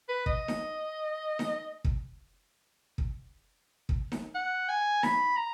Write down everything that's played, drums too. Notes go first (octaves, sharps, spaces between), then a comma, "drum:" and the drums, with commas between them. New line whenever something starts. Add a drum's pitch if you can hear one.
B4
D#5, drum: kick
drum: snare D#4
drum: snare D#4
drum: kick
drum: kick
drum: kick
drum: snare D#4
F#5
G#5
B5, drum: snare D#4
A#5